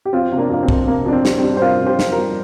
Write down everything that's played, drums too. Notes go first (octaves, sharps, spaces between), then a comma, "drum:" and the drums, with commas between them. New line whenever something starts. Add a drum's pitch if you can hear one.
G4
F2 C4 F4
C3 F4
A#3 D4
F2 A#3
C4
F2, drum: kick
C3 A#3
F2 D4
C4
G3, drum: snare
C4
G3
C5
C3 F4 A#4
F2
G4 C5
F2, drum: snare
F4 A#4
G3